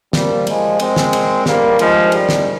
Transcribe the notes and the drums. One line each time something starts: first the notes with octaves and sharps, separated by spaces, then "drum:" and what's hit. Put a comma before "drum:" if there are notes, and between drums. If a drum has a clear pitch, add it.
A#2 F3 G3 A#3, drum: snare
F3 G#3, drum: cymbal
G#3 C4, drum: cymbal
drum: snare
drum: cymbal
G2 D#3 G3 A#3, drum: snare
F3 G#3, drum: cymbal
G3, drum: cymbal
drum: snare